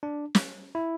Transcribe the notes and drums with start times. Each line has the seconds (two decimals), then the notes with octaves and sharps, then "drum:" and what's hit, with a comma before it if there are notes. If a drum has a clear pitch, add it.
0.03 D4
0.35 drum: snare
0.75 E4